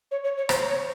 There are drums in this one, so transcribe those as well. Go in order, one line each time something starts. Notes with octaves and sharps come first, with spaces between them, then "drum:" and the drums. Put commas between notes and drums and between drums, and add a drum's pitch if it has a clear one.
C#5
C#5
C#5
C5, drum: rim click
C#5